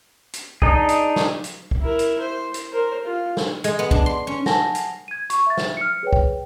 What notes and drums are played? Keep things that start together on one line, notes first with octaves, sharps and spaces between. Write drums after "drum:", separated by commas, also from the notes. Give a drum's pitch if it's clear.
drum: hi-hat
D4 D#4 G#4, drum: kick
drum: hi-hat
drum: snare
drum: hi-hat
drum: kick
E4 A#4
drum: hi-hat
C5
drum: hi-hat
A#4 C5
F4
drum: snare
G#3, drum: hi-hat
B3
D4, drum: kick
C6
C#4
F#5 G#5 A5 A#6, drum: snare
drum: hi-hat
G#6 D#7
C#6, drum: hi-hat
E5 A6
drum: snare
F6 C#7
G#4 B4 C#5 G5
drum: kick